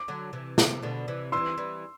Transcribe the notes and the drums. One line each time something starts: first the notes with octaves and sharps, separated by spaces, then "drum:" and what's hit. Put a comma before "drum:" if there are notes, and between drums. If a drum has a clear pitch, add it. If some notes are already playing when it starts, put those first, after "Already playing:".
Already playing: D6
D3 F#3
C3 E3
C3, drum: snare
B2 D3
C3 E3
E3 G3 C6 E6
E3 G3